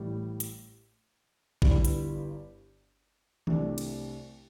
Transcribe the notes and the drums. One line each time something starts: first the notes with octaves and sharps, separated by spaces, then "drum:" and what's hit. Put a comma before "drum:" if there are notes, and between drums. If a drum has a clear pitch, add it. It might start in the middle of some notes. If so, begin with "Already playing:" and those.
Already playing: A1 A2 G3
drum: hi-hat
G1 G2 G3 E4 G4, drum: kick A1
drum: hi-hat
C2 C3 A3 D4, drum: tom D#3
drum: cymbal